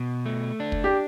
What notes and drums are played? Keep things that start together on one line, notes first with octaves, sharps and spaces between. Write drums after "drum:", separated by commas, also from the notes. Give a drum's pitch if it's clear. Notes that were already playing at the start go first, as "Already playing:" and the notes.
Already playing: B2
A3
D4
drum: kick
G4